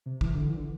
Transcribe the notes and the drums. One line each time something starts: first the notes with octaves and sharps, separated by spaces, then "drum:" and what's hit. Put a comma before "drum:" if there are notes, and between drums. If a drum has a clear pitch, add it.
C3
E3, drum: kick
D3
E3
D3